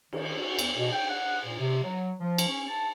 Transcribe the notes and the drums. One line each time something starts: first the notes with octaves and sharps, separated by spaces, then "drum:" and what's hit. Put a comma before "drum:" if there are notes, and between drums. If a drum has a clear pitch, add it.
D#3, drum: cymbal
F#4
E2, drum: cymbal
B2
G5
F#5
A#2
C3
F#3
F3
drum: cymbal
C#4
A5